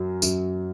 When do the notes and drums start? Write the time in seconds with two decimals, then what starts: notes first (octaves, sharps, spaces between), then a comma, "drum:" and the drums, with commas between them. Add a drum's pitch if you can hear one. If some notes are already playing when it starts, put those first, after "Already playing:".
Already playing: F#2 F#3
0.22 F#2, drum: tambourine